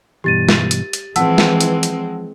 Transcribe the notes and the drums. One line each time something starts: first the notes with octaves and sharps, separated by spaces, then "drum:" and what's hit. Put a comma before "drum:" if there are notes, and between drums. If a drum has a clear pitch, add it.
G2 B2 E3 G4 A6 D#7
drum: snare
drum: hi-hat
drum: hi-hat
E3 F3 G#3 C4 F#5 A5 E6, drum: hi-hat
drum: snare
drum: hi-hat
drum: hi-hat